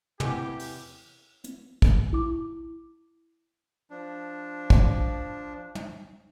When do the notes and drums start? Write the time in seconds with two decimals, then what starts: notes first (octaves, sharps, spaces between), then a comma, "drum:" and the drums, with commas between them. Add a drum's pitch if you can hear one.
0.20 E2 C3 E3 G3 E4 G4 G#5, drum: tom
0.59 drum: open hi-hat
1.44 drum: hi-hat
1.82 drum: kick
2.13 E4 D6
3.90 F3 D4
4.70 drum: kick
5.75 drum: tom